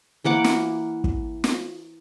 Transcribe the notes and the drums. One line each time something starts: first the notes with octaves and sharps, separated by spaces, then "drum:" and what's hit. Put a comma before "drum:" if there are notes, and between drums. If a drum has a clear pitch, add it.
E3 A#3 F#5 D6
drum: snare
drum: kick
drum: snare